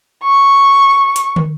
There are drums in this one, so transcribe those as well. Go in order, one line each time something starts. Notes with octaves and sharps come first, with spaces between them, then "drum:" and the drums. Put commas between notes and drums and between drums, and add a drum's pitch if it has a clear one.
C#6
drum: hi-hat
drum: tom